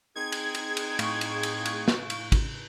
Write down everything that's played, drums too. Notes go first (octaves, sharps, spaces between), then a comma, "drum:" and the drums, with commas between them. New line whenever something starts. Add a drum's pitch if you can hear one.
C4 D#4 G#4 G#6
drum: cymbal
drum: cymbal
drum: cymbal
A2 F5 C#6, drum: cymbal
drum: cymbal
drum: cymbal
drum: cymbal
drum: snare
drum: cymbal
drum: kick, cymbal